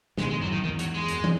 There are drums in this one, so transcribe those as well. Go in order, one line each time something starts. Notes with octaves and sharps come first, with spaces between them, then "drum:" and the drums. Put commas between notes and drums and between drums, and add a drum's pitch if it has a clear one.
B2 D#3 G#3, drum: snare
G#3
F#2 A2 F#3
D#3
E2 G#2 D#3
F#3, drum: hi-hat
G#3
F#2, drum: hi-hat
drum: tom